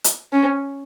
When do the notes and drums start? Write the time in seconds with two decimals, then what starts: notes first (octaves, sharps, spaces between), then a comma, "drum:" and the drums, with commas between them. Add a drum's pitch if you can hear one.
0.04 drum: hi-hat
0.33 C#4